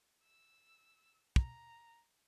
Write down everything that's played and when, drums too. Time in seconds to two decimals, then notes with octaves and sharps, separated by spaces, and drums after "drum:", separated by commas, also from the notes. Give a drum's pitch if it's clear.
0.23 E6
1.36 A#5, drum: kick